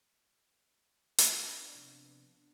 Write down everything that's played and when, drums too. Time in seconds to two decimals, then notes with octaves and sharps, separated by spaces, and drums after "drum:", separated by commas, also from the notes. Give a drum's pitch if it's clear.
1.18 drum: hi-hat
1.57 B3 D4
1.75 C3 F3 F4